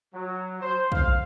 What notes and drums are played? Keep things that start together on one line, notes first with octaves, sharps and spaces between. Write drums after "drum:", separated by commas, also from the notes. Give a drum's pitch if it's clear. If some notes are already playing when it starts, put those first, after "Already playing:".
F#3
C5
F5, drum: kick